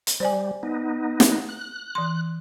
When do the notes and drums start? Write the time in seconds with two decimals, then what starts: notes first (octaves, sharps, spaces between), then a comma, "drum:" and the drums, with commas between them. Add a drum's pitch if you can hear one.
0.07 drum: hi-hat
0.20 G3 C5 D5 G#5
0.63 B3 D#4
1.20 drum: snare
1.49 F#6
1.95 E3 C6